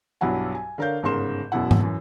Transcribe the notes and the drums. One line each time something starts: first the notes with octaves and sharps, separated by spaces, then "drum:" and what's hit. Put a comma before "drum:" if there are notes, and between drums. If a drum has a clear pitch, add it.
B1 G2 F#3 E4 F#5 G#5
G#5
D3 D4 A#4 C#5 F5 G6
G1 G#2 C#3 A#4 C6 E7
E1 F#2 B2 E4 F#5
drum: tom G#2
F#2 E3